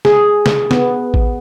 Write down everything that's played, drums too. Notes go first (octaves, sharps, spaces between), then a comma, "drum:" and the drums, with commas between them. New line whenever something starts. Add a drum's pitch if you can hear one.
G#4, drum: snare
drum: snare
B3, drum: snare
drum: kick A1